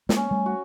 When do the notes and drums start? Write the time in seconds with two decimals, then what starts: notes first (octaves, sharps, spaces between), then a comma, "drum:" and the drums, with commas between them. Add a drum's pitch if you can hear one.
0.09 G#3 A#3, drum: snare
0.16 C#4
0.31 G3 A3
0.46 F#4